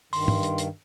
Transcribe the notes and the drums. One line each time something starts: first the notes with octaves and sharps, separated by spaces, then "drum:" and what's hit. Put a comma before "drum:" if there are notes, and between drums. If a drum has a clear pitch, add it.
G2 D#3 C6, drum: open hi-hat
drum: tom
drum: hi-hat
drum: hi-hat